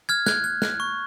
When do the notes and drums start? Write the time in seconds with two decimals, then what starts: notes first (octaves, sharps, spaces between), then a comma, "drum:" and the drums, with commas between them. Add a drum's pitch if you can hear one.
0.09 F6 G#6
0.26 F#6 G#6, drum: snare
0.44 F#6
0.62 F#6, drum: snare
0.80 C#6